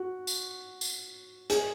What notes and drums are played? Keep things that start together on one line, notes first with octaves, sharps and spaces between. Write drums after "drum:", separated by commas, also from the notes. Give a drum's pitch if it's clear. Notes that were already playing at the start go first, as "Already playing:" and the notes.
Already playing: F#4
drum: tambourine
drum: tambourine
G#4, drum: hi-hat